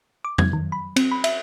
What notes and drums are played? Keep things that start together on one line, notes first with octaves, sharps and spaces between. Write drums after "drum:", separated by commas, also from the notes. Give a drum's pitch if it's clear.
D6
G#6, drum: tom
D#3
B5
C4, drum: cymbal
B5
E5, drum: cymbal